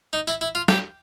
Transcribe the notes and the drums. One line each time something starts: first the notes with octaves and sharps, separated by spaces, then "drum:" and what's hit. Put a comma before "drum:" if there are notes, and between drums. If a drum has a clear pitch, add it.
D#4
E4, drum: tambourine
E4
F4
G4, drum: snare